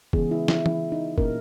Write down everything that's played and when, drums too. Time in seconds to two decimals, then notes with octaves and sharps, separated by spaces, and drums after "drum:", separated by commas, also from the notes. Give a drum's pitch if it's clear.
0.13 C#3 E3 G#3 B3 G#4, drum: kick
0.31 E4
0.48 E4, drum: snare
0.66 E4, drum: tom
0.92 D#4
1.18 A#2 A#3 C#4 A#4, drum: kick